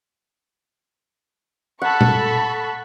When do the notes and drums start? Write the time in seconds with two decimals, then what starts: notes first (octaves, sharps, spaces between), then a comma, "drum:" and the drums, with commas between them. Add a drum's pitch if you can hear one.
1.82 A4 F#5 B5 C#6
2.01 drum: tom A#2